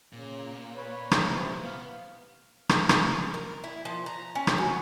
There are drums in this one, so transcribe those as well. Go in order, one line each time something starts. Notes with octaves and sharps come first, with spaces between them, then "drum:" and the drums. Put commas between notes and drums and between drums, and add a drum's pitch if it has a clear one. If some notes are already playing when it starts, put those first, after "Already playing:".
A#2 C#3
B4 C#5
drum: rim click
C3 E3
B3 F5
drum: rim click
drum: rim click
A#4
E4
F3
A#5
C#4
drum: rim click
F#4